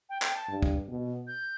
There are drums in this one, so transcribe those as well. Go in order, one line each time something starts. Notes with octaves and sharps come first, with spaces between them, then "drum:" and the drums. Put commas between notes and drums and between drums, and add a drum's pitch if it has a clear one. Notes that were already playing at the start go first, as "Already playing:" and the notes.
G5
G5, drum: clap
A5
G2
drum: kick
B2
G6